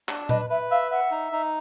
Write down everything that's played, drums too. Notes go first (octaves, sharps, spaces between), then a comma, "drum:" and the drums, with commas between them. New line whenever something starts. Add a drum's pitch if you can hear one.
D4, drum: clap
B4 D#5, drum: tom A#2
B4 E5
E5 F5
E5 F#5
D#4
D#4